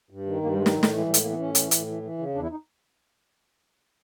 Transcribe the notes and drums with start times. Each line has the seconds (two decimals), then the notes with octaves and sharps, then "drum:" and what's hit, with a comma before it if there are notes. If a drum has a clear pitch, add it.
0.10 G2
0.26 D#3
0.42 G2 A#3
0.53 G3
0.58 D#3 G#3
0.66 G3, drum: snare
0.73 A2 F#3
0.83 G3, drum: snare
0.90 E3 A3
0.98 G#3
1.06 A2 G3
1.14 G#3, drum: hi-hat
1.22 E3 A#3
1.30 B3
1.39 A2 C#4
1.55 E3, drum: hi-hat
1.71 A2, drum: hi-hat
1.87 E3
2.03 E3
2.18 C#3
2.35 E2 D4
2.43 E4
2.51 D#4